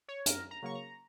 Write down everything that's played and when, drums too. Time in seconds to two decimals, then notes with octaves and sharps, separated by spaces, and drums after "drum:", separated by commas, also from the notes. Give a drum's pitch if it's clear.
0.08 C#5
0.26 F#2 A#4, drum: hi-hat
0.51 A#5
0.62 C#3 F#3 A#3 C#6
0.75 A#5